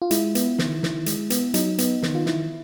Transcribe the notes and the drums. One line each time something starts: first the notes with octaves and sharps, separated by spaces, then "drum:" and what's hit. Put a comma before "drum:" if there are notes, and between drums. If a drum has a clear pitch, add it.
F4
G#3 E4, drum: hi-hat
B3, drum: hi-hat
D#3, drum: snare
D#3, drum: snare
G#3, drum: hi-hat
B3, drum: hi-hat
F#3 D#4, drum: hi-hat
B3, drum: hi-hat
D#3, drum: snare
F4
D#3 E4, drum: snare